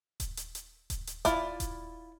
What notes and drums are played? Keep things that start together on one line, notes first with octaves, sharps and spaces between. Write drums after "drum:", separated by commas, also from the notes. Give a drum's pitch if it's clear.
drum: kick D#1, hi-hat
drum: hi-hat
drum: hi-hat
drum: kick D#1, hi-hat
drum: hi-hat
E4 F4 D5, drum: kick D#1, hi-hat
drum: kick D#1, hi-hat